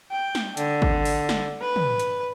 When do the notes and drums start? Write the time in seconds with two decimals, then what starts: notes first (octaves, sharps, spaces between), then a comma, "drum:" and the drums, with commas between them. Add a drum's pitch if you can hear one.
0.11 G5
0.35 drum: snare
0.57 D3, drum: hi-hat
0.82 drum: kick
1.05 drum: open hi-hat
1.29 drum: snare
1.61 B4
1.76 drum: tom
2.00 drum: hi-hat